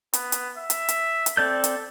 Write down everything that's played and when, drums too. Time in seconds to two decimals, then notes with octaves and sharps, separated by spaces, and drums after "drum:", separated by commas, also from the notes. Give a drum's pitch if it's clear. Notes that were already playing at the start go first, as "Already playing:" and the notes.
0.13 B3, drum: hi-hat
0.32 drum: hi-hat
0.57 E5
0.70 drum: hi-hat
0.89 drum: hi-hat
1.26 drum: hi-hat
1.37 C4 A4 D5 G6
1.64 drum: hi-hat